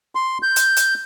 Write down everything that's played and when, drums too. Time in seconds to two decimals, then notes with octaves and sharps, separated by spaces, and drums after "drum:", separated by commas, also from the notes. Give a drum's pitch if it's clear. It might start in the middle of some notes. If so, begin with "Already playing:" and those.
0.15 C6
0.43 G6
0.56 drum: hi-hat
0.76 drum: hi-hat